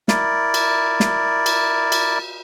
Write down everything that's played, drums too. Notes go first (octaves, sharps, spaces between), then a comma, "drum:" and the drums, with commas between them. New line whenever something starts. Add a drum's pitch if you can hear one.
E4 A#4 D5, drum: snare
drum: cymbal
drum: snare
drum: cymbal
drum: cymbal